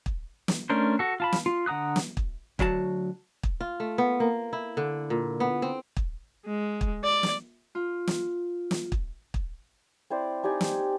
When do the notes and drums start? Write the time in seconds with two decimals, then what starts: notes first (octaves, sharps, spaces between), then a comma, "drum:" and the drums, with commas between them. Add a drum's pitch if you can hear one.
0.06 drum: kick
0.48 drum: snare
0.70 A3 C#4 D4 A#4 C5
0.99 F#4 A4
1.20 F4 A5 B5
1.32 drum: snare
1.46 F4
1.66 D3 F#5 A#5 D#6 F#6
1.96 drum: snare
2.17 drum: kick
2.59 D2 F#3 F#4 A5, drum: kick
3.43 drum: kick
3.61 F4
3.80 A3
3.98 B3
4.20 A#3
4.53 E4
4.77 D3
5.10 A#2
5.40 B3
5.62 C4
5.97 drum: kick
6.45 G#3
6.81 drum: kick
7.04 D5
7.23 drum: snare
7.75 F4
8.07 drum: snare
8.71 drum: snare
8.92 drum: kick
9.34 drum: kick
10.10 C4 E4 C5 D5
10.44 D#4 G4 D5 G#5
10.61 drum: snare